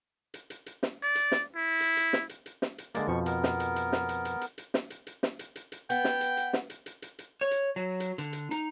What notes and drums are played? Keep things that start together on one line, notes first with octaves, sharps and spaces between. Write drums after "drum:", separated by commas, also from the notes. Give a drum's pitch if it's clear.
drum: hi-hat
drum: hi-hat
drum: hi-hat
drum: snare
D5
drum: hi-hat
drum: snare
E4
drum: hi-hat
drum: hi-hat
drum: snare
drum: hi-hat
drum: hi-hat
drum: snare
drum: hi-hat
D3 G#3 A#3 D5, drum: hi-hat
F2 B2 F3 C#6
B3 A#4, drum: hi-hat
drum: snare
drum: hi-hat
drum: hi-hat
drum: snare
drum: hi-hat
drum: hi-hat
drum: hi-hat
drum: hi-hat
drum: snare
drum: hi-hat
drum: hi-hat
drum: snare
drum: hi-hat
drum: hi-hat
drum: hi-hat
B3 G5, drum: hi-hat
drum: snare
drum: hi-hat
drum: hi-hat
drum: snare
drum: hi-hat
drum: hi-hat
drum: hi-hat
drum: hi-hat
C#5
drum: hi-hat
F#3
drum: hi-hat
D3, drum: hi-hat
drum: hi-hat
D#4, drum: hi-hat